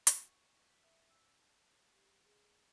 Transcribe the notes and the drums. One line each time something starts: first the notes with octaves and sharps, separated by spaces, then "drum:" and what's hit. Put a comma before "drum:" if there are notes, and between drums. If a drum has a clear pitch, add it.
F#4, drum: hi-hat
C#6
B6
E5
E6
A5
G4
G#4